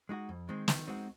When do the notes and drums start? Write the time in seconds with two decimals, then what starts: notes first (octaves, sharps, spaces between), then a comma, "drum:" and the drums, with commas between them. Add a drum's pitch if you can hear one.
0.09 G#3 D#4 F#4
0.29 F2
0.49 D#3 G#3 C4
0.68 D#3, drum: snare
0.87 G#3 C4 D#4 F#4